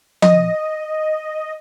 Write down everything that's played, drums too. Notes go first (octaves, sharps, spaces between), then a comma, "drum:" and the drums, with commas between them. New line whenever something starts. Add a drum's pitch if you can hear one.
D#5, drum: tom F3